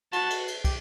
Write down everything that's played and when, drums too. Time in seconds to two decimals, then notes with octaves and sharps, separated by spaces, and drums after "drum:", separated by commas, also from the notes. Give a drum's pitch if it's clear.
0.13 F#4 A5, drum: cymbal
0.30 drum: cymbal
0.48 drum: cymbal
0.64 G4, drum: kick, cymbal